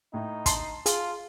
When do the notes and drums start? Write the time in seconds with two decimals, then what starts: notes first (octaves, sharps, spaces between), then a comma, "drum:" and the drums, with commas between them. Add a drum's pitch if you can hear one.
0.14 A2 D#4
0.46 A5 C6 C7, drum: kick, hi-hat
0.86 F4 G#4, drum: hi-hat